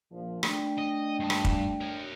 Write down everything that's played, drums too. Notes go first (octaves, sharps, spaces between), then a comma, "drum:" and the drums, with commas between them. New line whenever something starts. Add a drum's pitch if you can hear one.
A#1 F3
A3 D4 G5, drum: rim click
D#5
G2 A5
drum: rim click
drum: kick
A#4 C#5